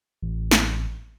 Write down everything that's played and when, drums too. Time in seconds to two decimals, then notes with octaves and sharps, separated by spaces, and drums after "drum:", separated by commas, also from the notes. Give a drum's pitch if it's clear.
0.22 A1
0.51 drum: snare